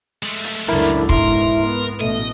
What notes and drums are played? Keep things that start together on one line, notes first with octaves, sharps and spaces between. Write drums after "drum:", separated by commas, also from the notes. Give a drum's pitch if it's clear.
G#3 A3
drum: hi-hat
C#2 F#2 D3 E4 A#4
G#2 B2 E4 A#4 C6, drum: kick
B3
A1 B2 A3 D#5